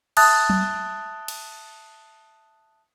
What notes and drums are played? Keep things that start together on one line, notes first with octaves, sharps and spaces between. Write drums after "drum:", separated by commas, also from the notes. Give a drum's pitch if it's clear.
E5 A5 D#6 F#6 A6, drum: cymbal
drum: tom
drum: cymbal